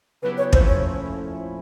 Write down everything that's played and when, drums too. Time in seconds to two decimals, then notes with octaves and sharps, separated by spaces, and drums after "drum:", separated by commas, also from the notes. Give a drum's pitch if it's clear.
0.22 C#3 F#3 B3 E4 G4 B4
0.38 C#5
0.53 A#2 F3 A3 C#4 E4 C5, drum: kick
0.68 C#5